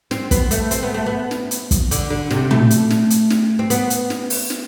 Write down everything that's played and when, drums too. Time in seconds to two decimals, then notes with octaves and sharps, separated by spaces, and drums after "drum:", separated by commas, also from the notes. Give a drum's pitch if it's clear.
0.11 C4, drum: snare
0.31 B3, drum: kick, hi-hat
0.51 A3, drum: hi-hat
0.71 C4, drum: hi-hat
0.83 B3
0.94 A3
1.06 B3
1.31 drum: snare
1.51 drum: hi-hat
1.71 drum: kick, hi-hat
1.91 D3, drum: hi-hat
2.10 D3
2.31 C3, drum: snare
2.51 A3, drum: tom
2.71 drum: hi-hat
2.90 drum: snare
3.10 drum: hi-hat
3.30 drum: snare
3.59 C4
3.70 B3, drum: hi-hat
3.90 drum: hi-hat
4.10 drum: snare
4.30 drum: open hi-hat
4.50 drum: snare